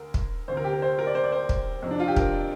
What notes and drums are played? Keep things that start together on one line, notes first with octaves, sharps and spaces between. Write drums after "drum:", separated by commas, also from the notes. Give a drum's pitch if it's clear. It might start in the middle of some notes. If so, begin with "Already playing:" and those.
Already playing: D2 A#4
drum: kick
D2 C3 C5
A#4
G4
A#4
C5
A#4
D5
C5
D5
C5
drum: kick
F2 C3
D4
F4
G4
A#4, drum: kick